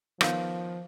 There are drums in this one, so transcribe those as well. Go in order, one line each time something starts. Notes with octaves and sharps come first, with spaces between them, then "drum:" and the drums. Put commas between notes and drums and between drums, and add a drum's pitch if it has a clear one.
D#3 F3 B3 F4 C#5 F5, drum: rim click